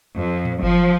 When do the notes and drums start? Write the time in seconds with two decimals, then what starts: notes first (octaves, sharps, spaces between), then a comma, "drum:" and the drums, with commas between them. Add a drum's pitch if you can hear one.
0.16 F2
0.45 drum: tom A2
0.63 F3, drum: kick F#1